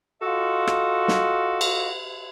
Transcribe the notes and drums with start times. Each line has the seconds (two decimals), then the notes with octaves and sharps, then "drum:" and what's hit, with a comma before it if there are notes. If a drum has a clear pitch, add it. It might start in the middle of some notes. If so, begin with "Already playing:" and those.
0.22 F4 F#4 A4 D#5
0.67 drum: rim click
1.08 drum: snare
1.61 drum: cymbal